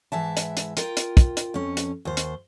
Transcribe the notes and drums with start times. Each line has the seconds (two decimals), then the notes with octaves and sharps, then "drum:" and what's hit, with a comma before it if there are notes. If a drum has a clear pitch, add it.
0.12 G#2 E3 E5 A5
0.37 drum: hi-hat
0.57 drum: hi-hat
0.77 F4 A#4 G5, drum: hi-hat
0.97 drum: hi-hat
1.17 drum: kick, hi-hat
1.37 drum: hi-hat
1.54 F2 C#4
1.77 drum: hi-hat
2.05 D#2 C5
2.17 drum: hi-hat